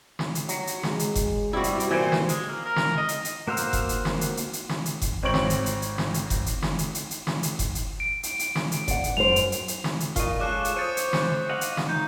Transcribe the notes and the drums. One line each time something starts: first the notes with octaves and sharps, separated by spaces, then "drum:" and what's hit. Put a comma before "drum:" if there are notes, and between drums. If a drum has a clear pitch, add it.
drum: snare
drum: hi-hat
F#3, drum: hi-hat
drum: hi-hat
G#3, drum: snare
drum: hi-hat
drum: kick F#1, hi-hat
G2 C3 G3 E4 F#4
drum: hi-hat
drum: hi-hat
A#2 E3 C5
drum: snare
G#3, drum: hi-hat
A#3
A#4
drum: snare
D#5
drum: hi-hat
drum: hi-hat
A#3 F#4 C5 F5 E6
drum: hi-hat
drum: kick F#1, hi-hat
drum: hi-hat
drum: snare
drum: hi-hat
drum: hi-hat
drum: hi-hat
drum: snare
drum: hi-hat
drum: kick F#1, hi-hat
G#1 C4 C#5 C#6 D7 F#7
drum: snare
drum: hi-hat
drum: hi-hat
drum: hi-hat
drum: snare
drum: hi-hat
drum: kick F#1, hi-hat
drum: hi-hat
drum: snare
drum: hi-hat
drum: hi-hat
drum: hi-hat
drum: snare
drum: hi-hat
drum: kick F#1, hi-hat
drum: hi-hat
D7
drum: hi-hat
drum: hi-hat
drum: snare
drum: hi-hat
D5 F#5, drum: kick F#1, hi-hat
drum: hi-hat
F#2 C5 F7
drum: hi-hat
drum: hi-hat
drum: hi-hat
drum: snare
drum: hi-hat
A#2 F4 D#5 C#6, drum: kick F#1, hi-hat
C#3 G#3 F4 A4 D6 F#6
drum: hi-hat
C5 C#5 D#6 A6 D#7
drum: hi-hat
drum: snare
D#5 F5 F#5
drum: hi-hat
drum: snare
D#4 G6